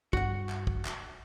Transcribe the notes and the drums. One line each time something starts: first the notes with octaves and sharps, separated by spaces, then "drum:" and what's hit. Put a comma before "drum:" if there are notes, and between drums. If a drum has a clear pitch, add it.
G2 F#4 F#5, drum: kick
drum: clap
drum: kick
drum: clap